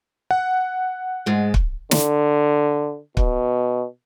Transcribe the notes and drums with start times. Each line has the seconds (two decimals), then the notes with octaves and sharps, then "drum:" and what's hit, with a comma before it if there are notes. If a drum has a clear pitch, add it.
0.31 F#5
1.26 G#2 G#3
1.54 drum: kick
1.91 D3, drum: snare
3.17 B2, drum: kick